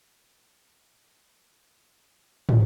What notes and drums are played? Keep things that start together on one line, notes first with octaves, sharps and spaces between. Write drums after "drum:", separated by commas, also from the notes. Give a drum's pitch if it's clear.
B5
C4 A4 C6
C#3 E3 C4 D4 A6
B4 F#6
F6
drum: tom